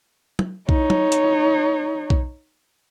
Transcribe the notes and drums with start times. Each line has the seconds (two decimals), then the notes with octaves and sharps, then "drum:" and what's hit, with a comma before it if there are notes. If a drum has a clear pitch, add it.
0.39 drum: tom
0.69 D#4 C#5, drum: kick B1
0.90 drum: tom
1.12 drum: hi-hat
2.10 drum: kick B1